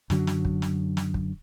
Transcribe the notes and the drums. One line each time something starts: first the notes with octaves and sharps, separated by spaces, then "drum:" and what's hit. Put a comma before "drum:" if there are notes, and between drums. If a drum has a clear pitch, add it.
F#2 D3 F#3, drum: snare
drum: snare
drum: kick
drum: snare
drum: snare
drum: kick